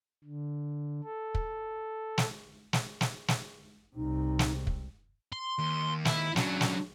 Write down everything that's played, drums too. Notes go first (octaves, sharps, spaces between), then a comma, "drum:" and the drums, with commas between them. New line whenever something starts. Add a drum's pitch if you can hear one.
D3
A4
drum: kick
drum: snare
drum: snare
drum: snare
drum: snare
C2 C3 D#4
drum: snare
drum: kick
C6
D#2
E4, drum: snare
C#3 F#3 D4, drum: snare
drum: snare